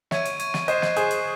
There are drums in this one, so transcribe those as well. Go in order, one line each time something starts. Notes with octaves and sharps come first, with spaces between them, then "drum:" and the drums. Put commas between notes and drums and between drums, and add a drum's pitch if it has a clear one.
C#5 E5 C#6 G#6 D#7, drum: snare
drum: hi-hat
C#6 G#6 D#7, drum: hi-hat
drum: snare
C5 D#5 F#6 C7 E7, drum: hi-hat
drum: snare
G#4 C5 F#6 C7 E7, drum: hi-hat
drum: hi-hat